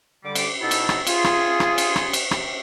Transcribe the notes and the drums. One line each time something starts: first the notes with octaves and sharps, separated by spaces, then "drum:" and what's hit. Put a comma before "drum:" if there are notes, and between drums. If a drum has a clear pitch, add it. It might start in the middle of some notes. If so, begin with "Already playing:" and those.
D3 G3 D6
drum: cymbal
B2 D#4 E4 A4
drum: cymbal
drum: rim click
F4 G#4, drum: cymbal
drum: rim click
drum: rim click
drum: cymbal
drum: rim click
drum: cymbal
drum: rim click